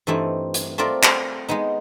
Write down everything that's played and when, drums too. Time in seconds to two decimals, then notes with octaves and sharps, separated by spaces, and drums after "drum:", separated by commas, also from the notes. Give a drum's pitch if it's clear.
0.07 G2 E3 A3 C4 D#4
0.54 drum: hi-hat
0.78 A3 C4 F4 A#4 D5
1.03 drum: clap
1.49 G#3 B3 D#4